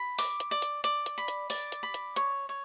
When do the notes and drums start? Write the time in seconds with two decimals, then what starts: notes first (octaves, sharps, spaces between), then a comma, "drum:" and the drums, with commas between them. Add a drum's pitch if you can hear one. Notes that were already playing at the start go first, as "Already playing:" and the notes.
Already playing: B5
0.18 D6, drum: open hi-hat
0.40 drum: hi-hat
0.51 D5
0.62 drum: hi-hat
0.84 D5, drum: hi-hat
1.06 drum: hi-hat
1.18 B5
1.28 drum: hi-hat
1.50 D5, drum: open hi-hat
1.72 drum: hi-hat
1.83 B5
1.94 drum: hi-hat
2.16 C#5, drum: hi-hat
2.49 C#5